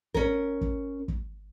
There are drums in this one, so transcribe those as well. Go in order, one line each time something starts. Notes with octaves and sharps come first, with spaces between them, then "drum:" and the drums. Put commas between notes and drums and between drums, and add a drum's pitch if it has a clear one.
C#4 A#4, drum: kick
drum: kick
drum: kick